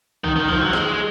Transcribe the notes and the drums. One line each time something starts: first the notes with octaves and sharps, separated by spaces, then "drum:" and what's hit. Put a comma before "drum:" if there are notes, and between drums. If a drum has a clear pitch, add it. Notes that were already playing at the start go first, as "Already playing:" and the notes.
D#3, drum: kick B1
D#3
F3, drum: kick B1
F#3
G#3, drum: snare